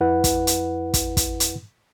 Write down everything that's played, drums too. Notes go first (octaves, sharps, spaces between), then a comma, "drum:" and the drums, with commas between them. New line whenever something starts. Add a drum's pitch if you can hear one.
F2 E4 B4 F#5
drum: kick, hi-hat
drum: hi-hat
drum: kick, hi-hat
drum: kick, hi-hat
drum: hi-hat